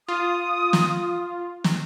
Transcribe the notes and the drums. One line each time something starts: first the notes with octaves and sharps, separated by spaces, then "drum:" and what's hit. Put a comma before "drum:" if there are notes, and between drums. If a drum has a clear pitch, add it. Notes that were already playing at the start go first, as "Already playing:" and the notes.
F4 D#6
drum: snare
drum: snare